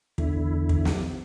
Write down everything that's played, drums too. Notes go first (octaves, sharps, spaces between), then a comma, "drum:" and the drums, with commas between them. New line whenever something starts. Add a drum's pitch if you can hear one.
E2 D3 E4, drum: kick
drum: kick
drum: snare